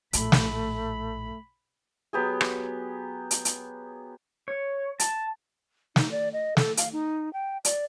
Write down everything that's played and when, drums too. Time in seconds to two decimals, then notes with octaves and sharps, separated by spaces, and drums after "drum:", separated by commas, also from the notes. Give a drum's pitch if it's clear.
0.13 A#1 A2 A3 B5, drum: hi-hat
0.32 drum: snare
2.13 F#3 B3 G4 G#4
2.41 drum: rim click
3.31 drum: hi-hat
3.45 drum: hi-hat
4.48 C#5
5.00 A5, drum: hi-hat
5.96 D#4, drum: snare
6.11 D5
6.33 D#5
6.57 A4, drum: snare
6.77 F5, drum: hi-hat
6.92 D#4
7.33 G5
7.65 D5, drum: hi-hat